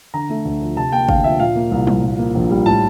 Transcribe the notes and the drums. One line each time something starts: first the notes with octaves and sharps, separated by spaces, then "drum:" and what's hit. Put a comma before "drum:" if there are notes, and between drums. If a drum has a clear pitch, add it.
D3 A#5
A3
D2
F3
C3 A5
A#3 G5
D2 F5, drum: kick G#1
F3 E5
A#2 F5
A#3
C2
F3, drum: tom F#3
A#2
A#3
A#1
G3
A2 A5